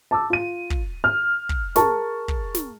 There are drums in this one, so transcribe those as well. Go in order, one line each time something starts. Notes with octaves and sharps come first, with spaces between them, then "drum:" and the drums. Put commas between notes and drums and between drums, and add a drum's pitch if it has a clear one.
A5 D6 E6
F4 D#7
drum: kick
F6
drum: kick
G#4 A#4 A5 C#6, drum: snare
drum: kick
drum: snare